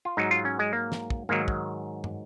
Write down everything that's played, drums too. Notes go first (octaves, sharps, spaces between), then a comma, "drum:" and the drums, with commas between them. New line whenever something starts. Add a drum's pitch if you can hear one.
F4
G#2 F#3 D#4
F4
C#4
G#3
A#3
drum: snare
drum: kick
G#2 D#3 F#3 A#3
drum: kick
drum: tom